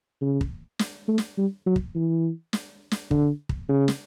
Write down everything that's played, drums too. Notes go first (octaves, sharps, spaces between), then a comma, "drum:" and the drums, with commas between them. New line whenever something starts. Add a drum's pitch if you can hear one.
C#3
drum: kick
drum: snare
A3
drum: snare
G3
F#3
drum: kick
E3
drum: snare
drum: snare
D3, drum: kick
drum: kick
C#3
drum: snare